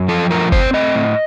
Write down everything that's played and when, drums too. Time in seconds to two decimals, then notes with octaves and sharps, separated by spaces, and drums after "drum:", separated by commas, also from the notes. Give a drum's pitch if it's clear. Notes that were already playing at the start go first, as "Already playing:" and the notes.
Already playing: F#2
0.08 F3 A4
0.31 A3 A#4
0.52 C4 C5, drum: kick
0.73 A3 D#5
0.95 A2